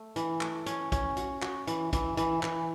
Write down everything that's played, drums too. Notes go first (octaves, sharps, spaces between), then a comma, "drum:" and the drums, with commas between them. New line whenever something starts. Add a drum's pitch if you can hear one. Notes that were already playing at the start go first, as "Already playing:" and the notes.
Already playing: A3
E3, drum: hi-hat
A3, drum: clap
C#4, drum: hi-hat
C#4, drum: kick A#1, hi-hat
F#4, drum: hi-hat
F#4, drum: clap
E3, drum: hi-hat
E3, drum: kick A#1, hi-hat
E3, drum: hi-hat
E3, drum: clap